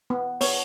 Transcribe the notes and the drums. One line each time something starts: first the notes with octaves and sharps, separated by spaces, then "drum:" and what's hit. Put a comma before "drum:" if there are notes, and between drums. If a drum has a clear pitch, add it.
B3
B3 C#5, drum: open hi-hat